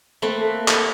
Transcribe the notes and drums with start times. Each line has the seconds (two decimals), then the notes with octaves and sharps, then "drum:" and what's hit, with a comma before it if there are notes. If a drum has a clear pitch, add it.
0.22 A3 A#3 C4 A4 B4
0.68 drum: clap